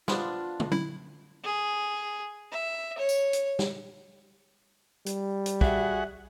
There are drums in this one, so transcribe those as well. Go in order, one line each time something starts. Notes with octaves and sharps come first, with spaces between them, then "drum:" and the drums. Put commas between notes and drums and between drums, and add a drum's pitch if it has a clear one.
F3 B3 D4 F4, drum: snare
drum: tom
E4, drum: tom F#3
G#4
E5
C#5
drum: tambourine
drum: hi-hat
drum: snare
G3, drum: hi-hat
drum: hi-hat
F#4 G#4 E5 F#5, drum: kick